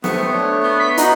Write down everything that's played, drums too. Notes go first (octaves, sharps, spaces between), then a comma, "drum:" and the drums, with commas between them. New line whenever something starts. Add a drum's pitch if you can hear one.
A3 B3 C4 C#6, drum: snare
A3 D4 C#5
B3
B6
D#4 F#4 C6 F#6, drum: hi-hat